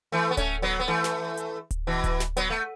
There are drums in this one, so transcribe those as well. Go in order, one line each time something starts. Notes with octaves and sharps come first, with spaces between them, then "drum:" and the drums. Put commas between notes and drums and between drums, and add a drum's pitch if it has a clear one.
E3 A3
B3
A3 C#4, drum: kick D1, hi-hat
F#3 B3
B3
E3 A3
drum: snare
drum: hi-hat
drum: kick D1, hi-hat
B2 E3
drum: kick D1, hi-hat
drum: snare
F#3 B3, drum: hi-hat
A3